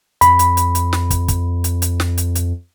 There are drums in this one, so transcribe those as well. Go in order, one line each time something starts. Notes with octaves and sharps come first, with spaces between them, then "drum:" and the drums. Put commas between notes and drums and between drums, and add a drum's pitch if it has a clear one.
F2 B5, drum: hi-hat
drum: hi-hat
drum: hi-hat
drum: hi-hat
drum: snare
drum: kick, hi-hat
drum: kick, hi-hat
drum: hi-hat
drum: hi-hat
drum: snare
drum: hi-hat
drum: hi-hat